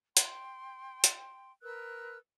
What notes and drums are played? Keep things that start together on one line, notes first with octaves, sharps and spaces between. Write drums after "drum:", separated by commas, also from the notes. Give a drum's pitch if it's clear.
G5 C6, drum: hi-hat
drum: hi-hat
A#4 B4 E6 F#6